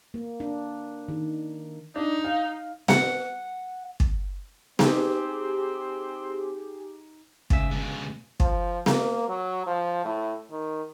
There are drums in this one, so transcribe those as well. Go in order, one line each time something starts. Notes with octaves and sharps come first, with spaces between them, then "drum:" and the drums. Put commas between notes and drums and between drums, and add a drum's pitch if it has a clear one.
A#3
D4
D#3
D4 D#4
F5
F#5, drum: snare B3
drum: kick
C4 D#4 G4 G#4, drum: snare B3
G#2 C#3 E5, drum: kick
C#2 B2 D3
F3, drum: kick
A#3, drum: snare B3
F#3
F3
A2
D#3